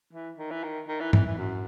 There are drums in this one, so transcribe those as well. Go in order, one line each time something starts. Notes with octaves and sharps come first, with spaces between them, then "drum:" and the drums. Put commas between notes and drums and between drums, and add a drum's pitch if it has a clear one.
E3
D#3
E3
D#3
D#3
E3
E3, drum: tom G#2
E3
F#2